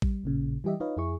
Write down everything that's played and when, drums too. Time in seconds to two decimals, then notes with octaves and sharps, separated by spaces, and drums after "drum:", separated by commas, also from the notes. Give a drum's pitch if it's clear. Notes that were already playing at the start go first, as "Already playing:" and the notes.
0.02 G3, drum: kick A1
0.24 A1 A#2 C#3
0.64 E3 G3 G4 D#5 E5
0.80 D#4 F4 B4 C#5 D#5 F5
0.97 F2 E4 G#4 C#6